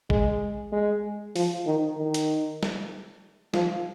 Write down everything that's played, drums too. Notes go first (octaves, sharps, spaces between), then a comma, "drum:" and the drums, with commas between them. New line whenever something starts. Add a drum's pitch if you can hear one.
G#3, drum: kick G#1
G#3
F3, drum: open hi-hat
D#3
D#3
drum: hi-hat
drum: snare
F3, drum: snare